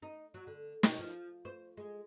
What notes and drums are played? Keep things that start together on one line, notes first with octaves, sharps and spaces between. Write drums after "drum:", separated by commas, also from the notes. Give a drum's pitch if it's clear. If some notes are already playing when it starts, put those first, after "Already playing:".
D#4
F#3
D3
B2, drum: snare
F3
C5
G#3